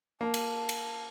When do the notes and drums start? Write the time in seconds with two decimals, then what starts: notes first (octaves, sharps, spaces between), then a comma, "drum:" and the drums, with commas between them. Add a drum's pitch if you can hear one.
0.21 A#3 A5
0.34 drum: cymbal
0.69 drum: cymbal